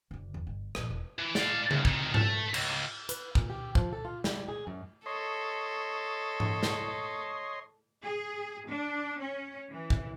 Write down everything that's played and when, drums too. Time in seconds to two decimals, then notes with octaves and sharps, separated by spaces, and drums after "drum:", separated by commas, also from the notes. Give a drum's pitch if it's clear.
0.11 F#1 D3
0.34 E2
0.47 G1
0.75 A#1 E2, drum: rim click
0.90 E1
1.19 E3
1.35 D5 F5, drum: snare
1.71 G2, drum: tom C#3
1.85 F2 D#3, drum: kick
2.14 A3, drum: tom G#2
2.54 C#2, drum: cymbal
3.09 B4, drum: hi-hat
3.35 A#2, drum: kick
3.50 G4
3.75 F3, drum: kick
3.93 A4
4.05 F4
4.24 G3, drum: snare
4.49 G#4
4.67 F#2
5.06 A4 C#5 D#5 C6
6.40 drum: tom G#2
6.63 drum: snare
8.03 G#4
8.68 D4
9.19 C#4
9.71 E3
9.90 drum: kick